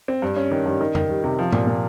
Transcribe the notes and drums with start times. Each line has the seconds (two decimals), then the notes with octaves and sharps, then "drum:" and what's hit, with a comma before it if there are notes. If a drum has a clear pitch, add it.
0.08 C4
0.22 G2
0.36 C#4
0.51 D#3
0.66 G2
0.81 D#3
0.95 D#3, drum: tom F2
1.09 G3
1.24 C3
1.39 F3
1.53 A#2, drum: tom G2
1.67 A#2